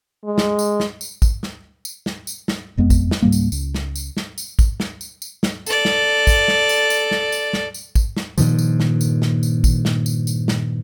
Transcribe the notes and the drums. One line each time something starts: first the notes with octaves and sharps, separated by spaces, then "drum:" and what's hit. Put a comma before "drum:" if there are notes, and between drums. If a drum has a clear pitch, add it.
G#3
drum: snare
drum: tambourine
drum: snare
drum: tambourine
drum: kick, tambourine
drum: snare
drum: tambourine
drum: snare
drum: tambourine
drum: snare
E1 F2 G#3 B3
drum: kick, tambourine
drum: snare
C#2 G#2 G3 A#3
drum: tambourine
C#2, drum: tambourine
drum: snare
drum: tambourine
drum: snare
drum: tambourine
drum: kick, tambourine
drum: snare
drum: tambourine
drum: tambourine
drum: snare
A4 D5, drum: tambourine
drum: snare
drum: kick, tambourine
drum: snare
drum: tambourine
drum: tambourine
drum: snare
drum: tambourine
drum: snare
drum: tambourine
drum: kick, tambourine
drum: snare
G2 A#2 D#3 F3, drum: tambourine
drum: tambourine
drum: snare
drum: tambourine
drum: snare
drum: tambourine
drum: kick, tambourine
drum: snare
drum: tambourine
drum: tambourine
drum: snare